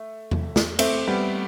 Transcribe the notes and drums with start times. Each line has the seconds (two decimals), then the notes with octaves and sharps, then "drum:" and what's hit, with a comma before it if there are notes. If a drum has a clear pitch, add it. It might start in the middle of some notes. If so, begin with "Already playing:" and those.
Already playing: A3
0.31 drum: tom E2
0.56 drum: snare
0.79 A3 C4, drum: cymbal
1.07 G3 B3